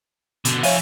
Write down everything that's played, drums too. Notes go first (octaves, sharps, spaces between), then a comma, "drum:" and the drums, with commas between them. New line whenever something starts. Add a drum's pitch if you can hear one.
B2 D3, drum: hi-hat
F3 C#5 E5 F5 G#5, drum: open hi-hat